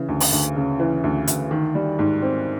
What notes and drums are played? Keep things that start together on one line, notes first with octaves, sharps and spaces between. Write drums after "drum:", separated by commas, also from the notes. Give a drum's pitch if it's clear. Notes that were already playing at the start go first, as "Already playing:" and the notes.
Already playing: C#3 E3
D2
drum: open hi-hat
D2
C#3
E3
D2
D2, drum: hi-hat
D#3
G3
G#2
C4